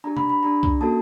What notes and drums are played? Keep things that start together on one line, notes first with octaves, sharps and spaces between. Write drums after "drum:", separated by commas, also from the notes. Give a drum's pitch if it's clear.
D4 G4 A#5
B5, drum: tom C3
B5
D4 G4 A#5
drum: kick C2
A#3 C#4 F#4 A4 A5